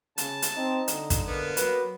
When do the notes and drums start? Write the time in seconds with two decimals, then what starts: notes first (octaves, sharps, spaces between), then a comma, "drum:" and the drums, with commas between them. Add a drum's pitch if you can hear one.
0.18 C#3 A5, drum: hi-hat
0.42 drum: hi-hat
0.56 C4 D#4
0.88 D3, drum: hi-hat
1.10 drum: kick, hi-hat
1.27 A#3 B3
1.57 F#3 B4, drum: hi-hat